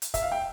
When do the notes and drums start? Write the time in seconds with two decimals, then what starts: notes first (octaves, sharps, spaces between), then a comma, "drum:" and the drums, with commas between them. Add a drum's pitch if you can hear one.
0.02 drum: hi-hat
0.14 E5, drum: kick, hi-hat
0.22 F5
0.32 G5